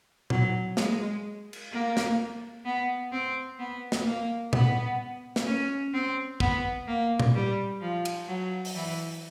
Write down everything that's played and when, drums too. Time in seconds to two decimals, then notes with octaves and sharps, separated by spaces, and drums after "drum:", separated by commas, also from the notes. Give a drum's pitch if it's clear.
0.30 F#3, drum: tom A#2
0.77 G#3, drum: snare
1.53 drum: cymbal
1.71 A#3
1.97 drum: snare
2.65 B3
3.12 C4
3.59 B3
3.92 drum: snare
4.06 A#3
4.53 B3, drum: tom A#2
5.36 drum: snare
5.47 C#4
5.93 C4
6.40 B3, drum: kick
6.87 A#3
7.20 drum: tom A#2
7.35 G3
7.81 F3
8.05 drum: cymbal
8.28 F#3
8.65 drum: open hi-hat
8.75 E3